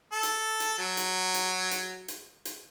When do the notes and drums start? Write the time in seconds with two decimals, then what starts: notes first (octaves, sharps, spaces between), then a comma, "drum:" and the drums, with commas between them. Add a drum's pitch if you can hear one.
0.12 A4
0.23 drum: hi-hat
0.60 drum: hi-hat
0.79 F#3
0.97 drum: hi-hat
1.34 drum: hi-hat
1.71 drum: hi-hat
2.08 drum: hi-hat
2.45 drum: hi-hat